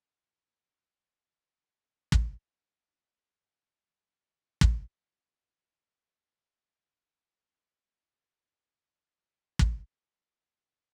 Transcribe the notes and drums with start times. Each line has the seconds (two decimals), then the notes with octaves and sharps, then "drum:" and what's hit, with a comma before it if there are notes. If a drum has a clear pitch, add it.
0.22 E2 A#2 A#4 A#5
2.12 drum: kick
3.32 D4 A4 D6
4.07 A#3 D4
4.61 drum: kick
4.94 D#3
5.18 D#2
5.35 G1
5.55 G2
5.98 D#6
6.30 C#7
6.72 B4
6.87 E5
7.07 F6
7.24 G5
7.40 C6
7.55 B6
7.73 G4
7.93 A#5
8.74 B2 D#3 A#3
9.12 G#3 F4 G#4 A4 B4
9.59 drum: kick
10.01 A3